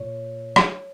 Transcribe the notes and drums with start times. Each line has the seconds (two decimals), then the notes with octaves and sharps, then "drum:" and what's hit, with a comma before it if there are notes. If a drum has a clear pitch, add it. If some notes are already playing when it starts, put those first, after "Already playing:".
Already playing: A#2 C#5
0.56 drum: rim click